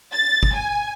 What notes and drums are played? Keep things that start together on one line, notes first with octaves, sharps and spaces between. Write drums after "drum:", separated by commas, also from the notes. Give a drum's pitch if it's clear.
A6
drum: kick G1
G#5